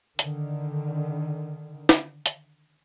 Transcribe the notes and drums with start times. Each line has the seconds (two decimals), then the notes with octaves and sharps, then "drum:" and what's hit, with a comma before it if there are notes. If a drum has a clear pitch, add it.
0.19 D3 D#3, drum: hi-hat
1.89 drum: snare
2.26 drum: hi-hat